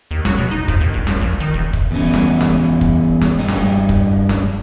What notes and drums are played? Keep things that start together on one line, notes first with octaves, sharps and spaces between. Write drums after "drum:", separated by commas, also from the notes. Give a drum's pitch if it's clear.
D#2
F#3, drum: snare
B2
D#4
F2, drum: kick
D#2
A#1
F2, drum: snare
A#1
D#3
E1
drum: kick
E2 C#4
drum: snare
drum: snare
drum: kick
drum: snare
G2 D#4
drum: snare
drum: kick
drum: snare